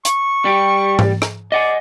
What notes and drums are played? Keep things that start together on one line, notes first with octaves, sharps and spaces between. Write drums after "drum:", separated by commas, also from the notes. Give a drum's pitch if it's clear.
C#6, drum: hi-hat
G3 G4
drum: tom G#2
drum: rim click
D5 D#5 F#5 G#5